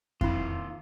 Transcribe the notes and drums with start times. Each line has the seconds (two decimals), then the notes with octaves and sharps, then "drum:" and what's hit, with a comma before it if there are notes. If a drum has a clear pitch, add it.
0.21 D#3 C4 E4 F4, drum: kick F2